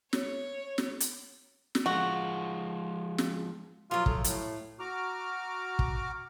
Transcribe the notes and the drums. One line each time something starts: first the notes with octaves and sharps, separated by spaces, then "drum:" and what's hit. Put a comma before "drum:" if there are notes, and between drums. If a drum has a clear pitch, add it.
C#5, drum: snare
drum: snare
drum: hi-hat
drum: snare
F3 G#3 F4 F#4
drum: snare
F3 F#3 F4
A3, drum: kick
A2, drum: hi-hat
F#4 A#5 D6 F6
drum: kick